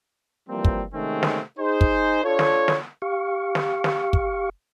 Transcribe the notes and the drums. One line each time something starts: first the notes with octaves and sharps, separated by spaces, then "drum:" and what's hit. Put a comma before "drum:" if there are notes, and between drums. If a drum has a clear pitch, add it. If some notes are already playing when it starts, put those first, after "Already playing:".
E3 F3 G3 A#3 C4
drum: kick
C3 D#3 G#3 A3 C4 C#4
drum: snare
D#4 G#4 C5
drum: kick
D4 F4 A4 C#5
drum: snare
drum: snare
G4 F5 C#6
drum: snare
drum: snare
drum: kick